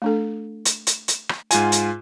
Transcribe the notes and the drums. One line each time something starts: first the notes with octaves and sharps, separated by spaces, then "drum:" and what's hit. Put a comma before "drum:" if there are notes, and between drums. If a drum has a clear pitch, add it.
A3 D4 A4
drum: hi-hat
drum: hi-hat
drum: hi-hat
drum: rim click
G#2 F4 G#5, drum: hi-hat
drum: hi-hat